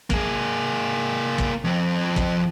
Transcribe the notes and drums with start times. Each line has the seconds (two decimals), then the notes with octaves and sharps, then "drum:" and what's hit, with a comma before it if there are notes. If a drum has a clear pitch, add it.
0.10 A#3 G#4, drum: kick
1.38 drum: kick
1.64 F2 C4
2.16 drum: kick